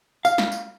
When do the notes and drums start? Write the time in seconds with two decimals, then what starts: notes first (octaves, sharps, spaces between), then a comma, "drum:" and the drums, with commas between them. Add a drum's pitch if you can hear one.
0.25 F5, drum: tambourine
0.38 drum: snare
0.52 drum: tambourine